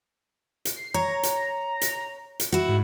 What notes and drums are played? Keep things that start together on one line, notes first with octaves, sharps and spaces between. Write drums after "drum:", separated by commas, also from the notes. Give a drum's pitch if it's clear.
drum: hi-hat
C7
C#5 A#5
drum: hi-hat
drum: hi-hat
drum: hi-hat
E4 F#4
G#2